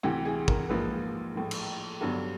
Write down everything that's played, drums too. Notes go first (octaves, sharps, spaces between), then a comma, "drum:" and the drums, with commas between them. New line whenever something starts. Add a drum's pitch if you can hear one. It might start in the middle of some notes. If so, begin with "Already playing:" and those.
D2 C3 E3 G4
G#4
A#4, drum: kick
A#1 G#2 F3 A#3 B4
A#1 A2 F3
drum: cymbal
G1 G2 D3 F#3 B3 A4